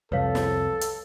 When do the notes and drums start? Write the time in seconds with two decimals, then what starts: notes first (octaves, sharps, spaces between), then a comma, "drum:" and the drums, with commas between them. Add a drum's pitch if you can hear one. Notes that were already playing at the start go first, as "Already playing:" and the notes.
0.12 C2 F2 A4 B4 C#5 F5
0.35 drum: snare
0.81 drum: hi-hat